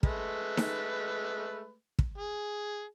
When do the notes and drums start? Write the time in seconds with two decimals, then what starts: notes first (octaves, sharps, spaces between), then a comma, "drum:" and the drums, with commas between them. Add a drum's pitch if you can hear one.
0.03 G#3 A3 B4, drum: kick
0.57 drum: snare D#4
1.99 drum: kick
2.18 G#4